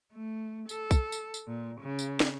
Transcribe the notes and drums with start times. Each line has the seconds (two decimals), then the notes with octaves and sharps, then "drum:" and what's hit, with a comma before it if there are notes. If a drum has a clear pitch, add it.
0.13 A3
0.69 A4, drum: tambourine
0.91 drum: kick, tambourine
1.12 drum: tambourine
1.34 drum: tambourine
1.47 A#2
1.81 C#3
1.99 drum: tambourine
2.20 drum: snare